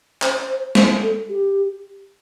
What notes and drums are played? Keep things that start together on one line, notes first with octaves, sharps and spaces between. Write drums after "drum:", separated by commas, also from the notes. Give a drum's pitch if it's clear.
C5, drum: clap
C5
C5, drum: snare
A4
G4